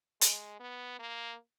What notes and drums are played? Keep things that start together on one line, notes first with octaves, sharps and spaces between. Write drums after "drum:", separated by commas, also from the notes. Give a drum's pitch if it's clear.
G#3, drum: hi-hat
B3
A#3